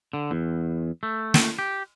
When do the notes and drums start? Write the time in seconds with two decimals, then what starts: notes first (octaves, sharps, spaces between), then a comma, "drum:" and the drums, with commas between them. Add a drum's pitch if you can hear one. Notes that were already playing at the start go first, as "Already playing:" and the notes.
0.13 D3
0.31 E2
1.03 A3
1.34 drum: snare
1.59 G4